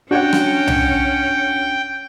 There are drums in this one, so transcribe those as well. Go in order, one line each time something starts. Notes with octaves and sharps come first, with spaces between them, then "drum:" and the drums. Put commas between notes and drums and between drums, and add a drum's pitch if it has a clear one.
C#4 D4 F#4 C#5 F#5 G5
drum: rim click
drum: tom C2